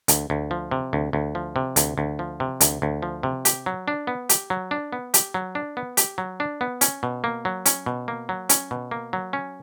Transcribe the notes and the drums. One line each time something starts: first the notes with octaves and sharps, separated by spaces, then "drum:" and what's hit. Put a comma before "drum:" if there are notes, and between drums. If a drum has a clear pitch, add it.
D2, drum: hi-hat
D2
F3
C3
D2
D2
F3
C3
D2, drum: hi-hat
D2
F3
C3
D2, drum: hi-hat
D2
F3
C3
G4, drum: hi-hat
F#3
D4
B3
G4, drum: hi-hat
F#3
D4
B3
G4, drum: hi-hat
F#3
D4
B3
G4, drum: hi-hat
F#3
D4
B3
C#4, drum: hi-hat
B2
A#3
F#3
C#4, drum: hi-hat
B2
A#3
F#3
C#4, drum: hi-hat
B2
A#3
F#3
C#4